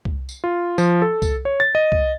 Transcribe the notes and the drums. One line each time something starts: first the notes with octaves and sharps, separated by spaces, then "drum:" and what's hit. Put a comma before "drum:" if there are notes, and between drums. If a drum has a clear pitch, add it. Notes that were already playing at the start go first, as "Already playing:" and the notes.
drum: kick
drum: tambourine
F4
F3, drum: tambourine
A4
drum: kick, tambourine
C#5
A6
D#5
drum: kick